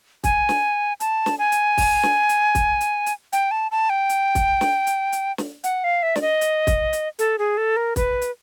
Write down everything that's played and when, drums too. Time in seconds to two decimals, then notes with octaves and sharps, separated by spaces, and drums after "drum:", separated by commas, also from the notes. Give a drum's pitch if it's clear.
0.24 G#5, drum: kick, hi-hat
0.49 drum: snare
1.00 A5, drum: hi-hat
1.26 drum: snare
1.39 G#5
1.52 drum: hi-hat
1.78 drum: kick, open hi-hat
2.03 drum: snare
2.29 drum: hi-hat
2.55 drum: kick, hi-hat
2.81 drum: hi-hat
3.06 drum: hi-hat
3.33 G5, drum: hi-hat
3.51 A5
3.71 A5
3.89 G5
4.09 drum: hi-hat
4.35 drum: kick, hi-hat
4.61 drum: snare
4.87 drum: hi-hat
5.12 drum: hi-hat
5.38 drum: snare
5.64 F#5, drum: hi-hat
5.84 F5
6.03 E5
6.16 D5, drum: snare
6.21 D#5
6.41 drum: hi-hat
6.67 drum: kick, hi-hat
6.93 drum: hi-hat
7.19 A4, drum: hi-hat
7.38 G#4
7.57 A4
7.76 A#4
7.96 B4, drum: kick, hi-hat
8.22 drum: hi-hat